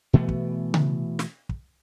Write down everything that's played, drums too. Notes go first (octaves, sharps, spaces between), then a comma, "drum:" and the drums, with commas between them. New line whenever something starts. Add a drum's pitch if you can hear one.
B2 E3 A3 B3
drum: kick
drum: tom C#3
drum: snare
drum: kick